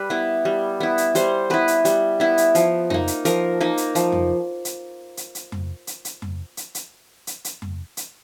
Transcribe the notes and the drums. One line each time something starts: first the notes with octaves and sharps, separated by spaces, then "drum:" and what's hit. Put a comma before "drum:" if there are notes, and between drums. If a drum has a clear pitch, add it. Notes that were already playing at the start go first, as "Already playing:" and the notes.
Already playing: G3 B4
B3 E4
G3
B3 E4
drum: hi-hat
G3 C5, drum: hi-hat
B3 E4 B4
drum: hi-hat
G3, drum: hi-hat
B3 E4
drum: hi-hat
F3, drum: hi-hat
A#3 D#4, drum: tom F2
drum: hi-hat
F3 A#4, drum: hi-hat
A#3 D#4
drum: hi-hat
F3, drum: hi-hat
drum: tom F2
drum: hi-hat
drum: hi-hat
drum: hi-hat
drum: tom F2
drum: hi-hat
drum: hi-hat
drum: tom F2
drum: hi-hat
drum: hi-hat
drum: hi-hat
drum: hi-hat
drum: tom F2
drum: hi-hat